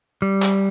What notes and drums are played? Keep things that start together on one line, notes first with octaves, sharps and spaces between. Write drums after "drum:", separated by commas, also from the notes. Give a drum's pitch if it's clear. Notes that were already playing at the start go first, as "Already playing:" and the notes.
G3
drum: clap